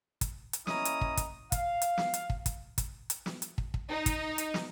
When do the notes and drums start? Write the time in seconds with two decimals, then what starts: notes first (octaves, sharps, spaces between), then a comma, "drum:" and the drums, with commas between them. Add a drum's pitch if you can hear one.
0.21 drum: kick, hi-hat
0.53 drum: hi-hat
0.67 A#3 C#4 E4 D#5 A#5 D#6, drum: snare
0.85 drum: hi-hat
1.01 drum: kick
1.17 drum: kick, hi-hat
1.52 F5, drum: kick, hi-hat
1.82 drum: hi-hat
1.98 drum: snare
2.14 drum: hi-hat
2.30 drum: kick
2.46 drum: kick, hi-hat
2.78 drum: kick, hi-hat
3.10 drum: hi-hat
3.26 drum: snare
3.42 drum: hi-hat
3.58 drum: kick
3.74 drum: kick
3.90 D#4
4.06 drum: kick, hi-hat
4.38 drum: hi-hat
4.54 drum: snare